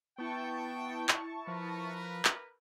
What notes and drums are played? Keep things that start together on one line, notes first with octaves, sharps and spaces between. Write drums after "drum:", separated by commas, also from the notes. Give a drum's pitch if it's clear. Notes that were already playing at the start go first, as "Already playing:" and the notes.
B3 E4 G5 A5 C#6
drum: clap
F3 A#4 B4
drum: clap